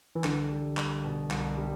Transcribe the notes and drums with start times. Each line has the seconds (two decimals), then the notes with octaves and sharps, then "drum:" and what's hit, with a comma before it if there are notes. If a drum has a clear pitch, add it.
0.15 E3
0.24 C2 D3, drum: clap
0.51 G3
0.77 C2, drum: clap
1.04 B2
1.31 C2, drum: clap
1.57 G3